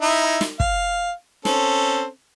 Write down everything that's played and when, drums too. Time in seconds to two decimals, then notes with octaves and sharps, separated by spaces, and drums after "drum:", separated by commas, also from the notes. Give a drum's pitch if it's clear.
0.01 D#4 E4 E5
0.41 drum: snare
0.60 F5, drum: kick
1.45 C4 C#4 A4, drum: snare